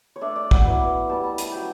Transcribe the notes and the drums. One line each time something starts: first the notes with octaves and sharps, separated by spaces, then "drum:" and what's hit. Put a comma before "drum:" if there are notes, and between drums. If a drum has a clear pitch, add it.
C#5
A3 D4 D5
D5
F#5, drum: kick
F#3 B3 E4
G3 B3 D4 A5
A5
A5, drum: hi-hat
F#3 A3 C#4 G5